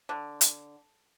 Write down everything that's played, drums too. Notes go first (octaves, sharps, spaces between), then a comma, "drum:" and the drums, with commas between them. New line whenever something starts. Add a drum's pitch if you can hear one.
D3
drum: hi-hat